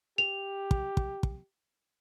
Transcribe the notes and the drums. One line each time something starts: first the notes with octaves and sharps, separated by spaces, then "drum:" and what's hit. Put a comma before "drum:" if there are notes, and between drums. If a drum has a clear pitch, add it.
G4 F7
drum: kick
drum: kick
drum: kick